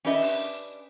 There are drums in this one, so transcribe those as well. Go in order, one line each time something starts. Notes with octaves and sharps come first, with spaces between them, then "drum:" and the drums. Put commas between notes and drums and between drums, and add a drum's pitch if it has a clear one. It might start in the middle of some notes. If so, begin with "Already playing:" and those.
C#4 D4 G4 B4 D#5 E5
drum: open hi-hat